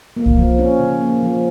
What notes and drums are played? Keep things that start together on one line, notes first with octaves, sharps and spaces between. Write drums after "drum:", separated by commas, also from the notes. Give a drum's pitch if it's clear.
A#3
drum: kick C2
F3
C#4
C#3
A#3
F3